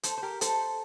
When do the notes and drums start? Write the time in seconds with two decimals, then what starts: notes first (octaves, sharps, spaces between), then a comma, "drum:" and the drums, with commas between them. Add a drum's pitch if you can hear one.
0.03 A4 C5, drum: hi-hat
0.17 C5
0.23 G4 A#4
0.41 A4 C5, drum: hi-hat